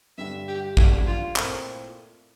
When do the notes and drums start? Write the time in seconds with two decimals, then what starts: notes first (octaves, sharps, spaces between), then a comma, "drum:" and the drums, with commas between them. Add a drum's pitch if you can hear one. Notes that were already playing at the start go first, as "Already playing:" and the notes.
0.18 G2 D3 G3 E5
0.48 G4
0.77 D3 A3 D4 E4, drum: kick
1.06 F4
1.36 A#2 A3 C4 E4 A#4, drum: clap